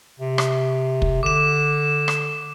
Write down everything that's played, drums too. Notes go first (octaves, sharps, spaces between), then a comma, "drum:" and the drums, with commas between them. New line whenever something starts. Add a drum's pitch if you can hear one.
C3
drum: rim click
drum: kick
D3 D6 E7
drum: rim click